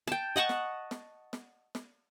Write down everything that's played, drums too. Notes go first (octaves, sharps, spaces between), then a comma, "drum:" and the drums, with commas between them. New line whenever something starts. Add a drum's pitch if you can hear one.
G5 A5, drum: snare
D#5 F#5 A5 C#6
drum: snare
drum: snare
drum: snare
drum: snare